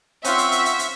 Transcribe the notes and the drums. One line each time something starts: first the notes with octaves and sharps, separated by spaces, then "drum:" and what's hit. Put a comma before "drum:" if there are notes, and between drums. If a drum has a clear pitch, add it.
C4 C#4 F4 E5 F#5 C#6, drum: hi-hat
drum: hi-hat
drum: hi-hat
drum: hi-hat
drum: hi-hat